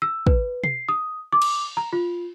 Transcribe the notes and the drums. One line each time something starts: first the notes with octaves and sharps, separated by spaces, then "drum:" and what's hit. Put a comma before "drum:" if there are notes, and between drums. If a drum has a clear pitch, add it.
E6
B4, drum: kick
C7, drum: tom
D#6
D6
drum: cymbal
A#5
F4